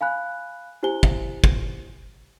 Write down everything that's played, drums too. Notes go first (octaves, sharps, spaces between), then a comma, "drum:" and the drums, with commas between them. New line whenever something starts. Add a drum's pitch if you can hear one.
F5 G#5 B5 F#6
E4 G4 C5 G#5 G7
drum: kick
drum: kick